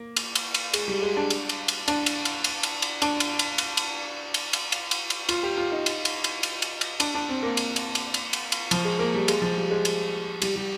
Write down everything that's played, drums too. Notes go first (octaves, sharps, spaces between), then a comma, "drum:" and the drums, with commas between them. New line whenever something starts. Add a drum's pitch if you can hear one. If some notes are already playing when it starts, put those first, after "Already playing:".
Already playing: A#3
drum: cymbal
drum: cymbal
drum: cymbal
G#3, drum: cymbal
G3
G#3
D4
drum: cymbal
drum: cymbal
drum: cymbal
D4, drum: cymbal
drum: cymbal
drum: cymbal
drum: cymbal
drum: cymbal
drum: cymbal
D4, drum: cymbal
drum: cymbal
drum: cymbal
drum: cymbal
drum: cymbal
drum: cymbal
drum: cymbal
drum: cymbal
drum: cymbal
drum: cymbal
F4, drum: cymbal
G4
F4
D#4
drum: cymbal
drum: cymbal
drum: cymbal
drum: cymbal
drum: cymbal
drum: cymbal
D4, drum: cymbal
D4
C4
A#3
drum: cymbal
drum: cymbal
drum: cymbal
drum: cymbal
drum: cymbal
drum: cymbal
F3, drum: cymbal
G#3
A#3
G3
G#3, drum: cymbal
F3
G3
G#3
drum: cymbal
G3, drum: cymbal
G3